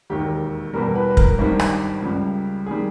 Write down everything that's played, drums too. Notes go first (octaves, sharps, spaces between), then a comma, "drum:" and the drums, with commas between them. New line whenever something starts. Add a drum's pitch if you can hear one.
E1 D#2 D#3 G4
E2 B2 G3 A#4
B4
B4
A#4, drum: kick
G#1 G2 D#3 G3
drum: rim click
C#2 C#3 G3
D#3 G3 G#4